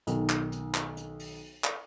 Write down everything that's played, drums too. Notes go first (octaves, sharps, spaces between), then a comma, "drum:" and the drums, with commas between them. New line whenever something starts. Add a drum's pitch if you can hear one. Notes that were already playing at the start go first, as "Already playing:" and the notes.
B1 D#3, drum: hi-hat
drum: clap
drum: hi-hat
drum: clap
drum: hi-hat
drum: open hi-hat
drum: clap